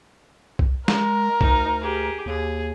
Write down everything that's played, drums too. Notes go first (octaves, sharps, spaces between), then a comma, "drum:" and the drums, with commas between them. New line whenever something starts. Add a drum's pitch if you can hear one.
drum: kick C2
G#3 A#4, drum: snare
D2 D#4, drum: kick C2
G4 G#4
D#2 G#4